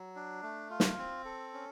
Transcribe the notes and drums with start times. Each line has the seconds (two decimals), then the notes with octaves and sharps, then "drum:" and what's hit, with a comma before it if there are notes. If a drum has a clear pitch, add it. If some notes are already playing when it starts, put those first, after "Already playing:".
Already playing: F#3
0.16 D4
0.43 A3
0.70 F4
0.80 drum: snare
0.98 C4
1.25 A4
1.53 C#4